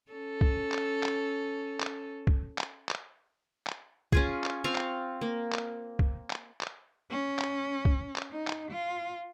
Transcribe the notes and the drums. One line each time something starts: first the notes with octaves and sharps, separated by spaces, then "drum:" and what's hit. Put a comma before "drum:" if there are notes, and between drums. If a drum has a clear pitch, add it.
C#4 A4
drum: kick
drum: clap
drum: clap
drum: clap
drum: kick
drum: clap
drum: clap
drum: clap
C#4 F4 G#4, drum: kick
drum: clap
C4 F4 F5 C#6
drum: clap
A#3
drum: clap
drum: kick
drum: clap
drum: clap
C#4
drum: clap
drum: kick
drum: clap
D#4
drum: clap
F4